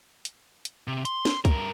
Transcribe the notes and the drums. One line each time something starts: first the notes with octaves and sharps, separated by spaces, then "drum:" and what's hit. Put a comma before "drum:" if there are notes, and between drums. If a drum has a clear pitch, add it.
drum: hi-hat
drum: hi-hat
C3
C6, drum: hi-hat
drum: snare
G2 A#4, drum: kick, hi-hat